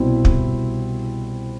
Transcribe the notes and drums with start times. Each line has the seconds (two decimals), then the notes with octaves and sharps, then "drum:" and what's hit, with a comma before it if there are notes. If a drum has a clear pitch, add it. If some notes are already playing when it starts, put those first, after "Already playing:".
Already playing: C2 B2 G3 C4 E4
0.25 drum: kick